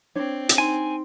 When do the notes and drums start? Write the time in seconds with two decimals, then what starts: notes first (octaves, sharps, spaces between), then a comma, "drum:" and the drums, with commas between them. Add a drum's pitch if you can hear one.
0.16 C4 D4 C#5
0.49 drum: hi-hat
0.58 D#4 G#5 C6